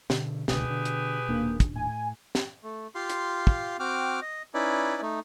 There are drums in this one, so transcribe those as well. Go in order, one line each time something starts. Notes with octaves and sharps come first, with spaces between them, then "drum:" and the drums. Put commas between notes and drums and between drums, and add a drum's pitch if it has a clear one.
B2 D3, drum: snare
D1 C#2 B2 D3 G4 G#4 B4, drum: snare
D3
drum: hi-hat
D#1 A#3 D4
drum: kick, hi-hat
A2 G#5
drum: snare
A3
F4 G4 F5 C6
drum: hi-hat
drum: kick
C4 F#4 G5 D6 F6
D#5
C#4 D#4 E4 B4 D5
A3 D#4